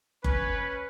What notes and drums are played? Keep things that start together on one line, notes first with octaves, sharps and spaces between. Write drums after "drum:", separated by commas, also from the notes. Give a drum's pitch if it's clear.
C#4 B4, drum: kick F#1